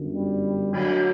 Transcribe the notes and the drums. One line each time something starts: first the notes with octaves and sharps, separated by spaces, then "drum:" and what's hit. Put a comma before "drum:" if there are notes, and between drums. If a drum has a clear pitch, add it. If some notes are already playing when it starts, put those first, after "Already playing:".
Already playing: G1 F#2 D3
G3
D2 D3 F#3, drum: cymbal